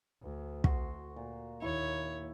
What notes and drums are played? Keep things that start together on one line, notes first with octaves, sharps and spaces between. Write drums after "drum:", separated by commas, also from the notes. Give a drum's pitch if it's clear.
D2
F#4 C6, drum: kick
A#2
D#2 E4 C#5